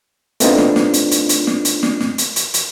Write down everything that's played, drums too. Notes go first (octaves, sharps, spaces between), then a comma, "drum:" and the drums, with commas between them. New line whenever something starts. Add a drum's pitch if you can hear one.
A3 B3 C4 D4 D#4 F4, drum: hi-hat
drum: snare
drum: snare
drum: hi-hat
drum: hi-hat
drum: hi-hat
drum: snare
drum: hi-hat
drum: snare
drum: snare
drum: hi-hat
drum: hi-hat
drum: hi-hat